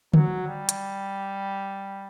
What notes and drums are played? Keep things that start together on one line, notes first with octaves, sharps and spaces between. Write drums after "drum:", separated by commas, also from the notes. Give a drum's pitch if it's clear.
F#3, drum: tom
G3
drum: hi-hat